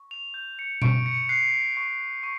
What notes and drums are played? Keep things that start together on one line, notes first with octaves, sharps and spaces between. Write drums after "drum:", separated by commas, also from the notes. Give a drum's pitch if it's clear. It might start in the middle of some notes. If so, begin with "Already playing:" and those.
Already playing: C#6
F7
G6
C#7
C#6 D7, drum: tom B2
C#7
F#6 C7
C#6 C7
C#6